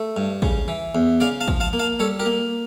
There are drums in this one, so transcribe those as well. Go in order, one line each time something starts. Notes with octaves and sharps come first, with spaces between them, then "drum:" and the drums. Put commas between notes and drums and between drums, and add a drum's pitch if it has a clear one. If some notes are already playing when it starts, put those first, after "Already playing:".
Already playing: A3
G2
C#3, drum: kick
E3
E2
C#3 D5 F5
F5 A5
F3, drum: kick
F5 A5
A#3
F5 A5
G3 A4 C#5
G4 A#4
A#3